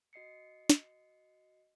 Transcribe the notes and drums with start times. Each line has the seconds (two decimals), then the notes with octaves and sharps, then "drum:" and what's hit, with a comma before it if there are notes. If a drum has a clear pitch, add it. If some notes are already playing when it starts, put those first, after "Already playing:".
0.13 F#4 D#5 C7 C#7
0.70 drum: snare